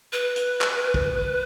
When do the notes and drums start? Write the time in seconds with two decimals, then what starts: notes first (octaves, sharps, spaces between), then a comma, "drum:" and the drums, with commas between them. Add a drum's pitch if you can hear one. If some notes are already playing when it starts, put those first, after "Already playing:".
0.13 B4
0.36 drum: hi-hat
0.61 drum: clap
0.94 drum: kick